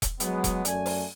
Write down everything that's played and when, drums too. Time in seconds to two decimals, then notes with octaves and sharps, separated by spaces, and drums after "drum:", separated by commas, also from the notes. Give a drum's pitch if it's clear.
0.02 drum: kick E1, hi-hat
0.20 F#3 G#3 B3, drum: hi-hat
0.44 drum: kick E1, hi-hat
0.65 F#2 A3 D5 G#5, drum: hi-hat
0.86 drum: open hi-hat